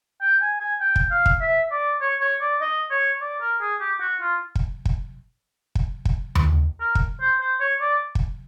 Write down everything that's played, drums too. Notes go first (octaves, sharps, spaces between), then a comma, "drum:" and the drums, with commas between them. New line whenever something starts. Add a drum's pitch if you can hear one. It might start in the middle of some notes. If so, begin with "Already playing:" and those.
G5
G#5
G#5
G5
drum: kick
F5
drum: kick
E5
D5
C#5
C#5
D5
D#5
C#5
D5
A#4
G#4
G4
F#4
F4
drum: kick
drum: kick
drum: kick
drum: kick
drum: tom D#2
A#4
drum: kick
C5
C5
C#5
D5
drum: kick